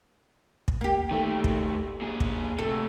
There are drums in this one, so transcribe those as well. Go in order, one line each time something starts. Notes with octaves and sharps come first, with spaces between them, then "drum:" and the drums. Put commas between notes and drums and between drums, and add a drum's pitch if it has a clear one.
drum: kick
A#3 G4
D#3 A3
drum: kick
A#2 G#4
drum: kick
C3 A3 A4